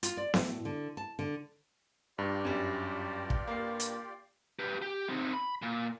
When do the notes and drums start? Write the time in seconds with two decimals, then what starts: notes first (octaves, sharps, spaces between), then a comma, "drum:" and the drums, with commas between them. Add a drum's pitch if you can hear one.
0.03 F4, drum: hi-hat
0.17 D5
0.34 A2, drum: snare B3
0.65 D3
0.97 A5
1.19 D3
2.18 G2 F4 G4 D5
2.45 F#2 G3
3.30 drum: kick
3.47 A#3 C7
3.80 drum: hi-hat
4.59 G4 B4
4.82 G4
5.09 C4 D#4
5.33 B5
5.62 A#2